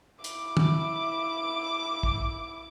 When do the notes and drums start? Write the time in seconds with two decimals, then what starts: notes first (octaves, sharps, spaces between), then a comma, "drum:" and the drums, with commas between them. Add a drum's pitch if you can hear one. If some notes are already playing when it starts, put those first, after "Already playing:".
0.24 E4 D6, drum: hi-hat
0.57 drum: tom
2.03 drum: kick